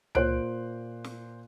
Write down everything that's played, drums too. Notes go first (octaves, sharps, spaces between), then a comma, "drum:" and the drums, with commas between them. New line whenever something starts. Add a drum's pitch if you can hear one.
A#2 C5 F#6 D7, drum: tom C#2
drum: snare